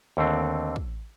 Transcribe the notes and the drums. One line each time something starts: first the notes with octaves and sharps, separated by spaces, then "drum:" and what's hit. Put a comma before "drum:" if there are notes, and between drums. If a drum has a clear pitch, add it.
D#2 D3 A3 C4 D4
drum: kick